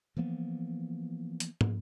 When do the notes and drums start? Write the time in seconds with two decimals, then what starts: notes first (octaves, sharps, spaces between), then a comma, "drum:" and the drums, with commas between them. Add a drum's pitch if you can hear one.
0.17 E3 F3 A#3 B3
1.40 drum: hi-hat
1.61 drum: tom